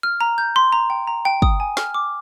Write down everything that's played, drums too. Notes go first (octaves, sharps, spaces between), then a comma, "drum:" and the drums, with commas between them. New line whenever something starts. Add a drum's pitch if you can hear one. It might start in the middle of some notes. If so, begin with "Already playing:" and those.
F6
A#5
G6
C6
A#5
G5
A#5
G5
D#6, drum: kick
G#5
F6, drum: snare
D6